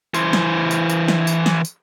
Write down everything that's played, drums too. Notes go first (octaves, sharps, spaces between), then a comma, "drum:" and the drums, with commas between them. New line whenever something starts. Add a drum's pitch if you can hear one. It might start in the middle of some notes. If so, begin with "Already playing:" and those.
E3 C5, drum: tambourine
drum: snare
drum: tambourine
drum: tambourine
drum: snare
drum: tambourine
drum: snare
drum: tambourine